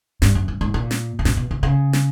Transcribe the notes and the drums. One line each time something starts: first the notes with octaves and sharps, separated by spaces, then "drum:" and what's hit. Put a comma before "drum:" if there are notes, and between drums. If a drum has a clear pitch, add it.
G2, drum: snare
F#2
G2
G#2
A#2
drum: snare
C3
B2, drum: snare
B2
C3
C#3
drum: snare